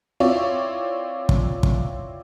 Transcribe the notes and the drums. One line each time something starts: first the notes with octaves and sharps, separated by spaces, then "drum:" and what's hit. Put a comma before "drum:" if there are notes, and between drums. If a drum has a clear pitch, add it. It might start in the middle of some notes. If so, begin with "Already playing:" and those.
C4 E4 F4 C#5 D5
drum: kick
drum: kick